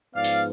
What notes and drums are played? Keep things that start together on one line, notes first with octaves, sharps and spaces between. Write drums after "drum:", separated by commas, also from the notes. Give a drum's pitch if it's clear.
G#2 F3 B3 D5 F5
drum: open hi-hat